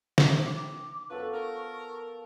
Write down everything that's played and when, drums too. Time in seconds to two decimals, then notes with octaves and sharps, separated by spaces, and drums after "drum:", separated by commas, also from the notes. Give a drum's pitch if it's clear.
0.18 F#5 G5 D6, drum: snare
0.60 D6
1.10 F#2 F3 B3 A4 B4 C#6
1.33 A#4